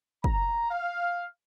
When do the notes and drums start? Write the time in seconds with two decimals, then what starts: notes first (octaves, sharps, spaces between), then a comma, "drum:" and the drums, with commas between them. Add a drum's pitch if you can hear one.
0.24 A#5, drum: kick
0.71 F5